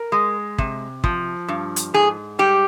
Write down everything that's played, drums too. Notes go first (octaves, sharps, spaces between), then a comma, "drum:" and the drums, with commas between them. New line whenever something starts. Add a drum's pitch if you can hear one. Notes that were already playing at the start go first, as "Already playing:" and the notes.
Already playing: A#4
G#3
C3, drum: kick
F3, drum: kick
G2
drum: hi-hat
G#2 G#4
G3 G4